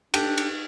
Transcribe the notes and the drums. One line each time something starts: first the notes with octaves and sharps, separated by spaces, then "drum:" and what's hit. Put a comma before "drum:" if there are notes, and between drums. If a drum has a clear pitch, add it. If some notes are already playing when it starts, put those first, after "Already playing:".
D4 G4 A4, drum: cymbal
drum: cymbal